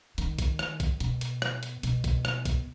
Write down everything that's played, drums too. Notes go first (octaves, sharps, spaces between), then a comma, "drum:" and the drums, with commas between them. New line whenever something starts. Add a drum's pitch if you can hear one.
D#3, drum: hi-hat
drum: kick, hi-hat
drum: rim click
drum: kick, hi-hat
B2, drum: hi-hat
drum: hi-hat
drum: rim click
drum: hi-hat
B2, drum: hi-hat
drum: kick, hi-hat
drum: rim click
drum: kick, hi-hat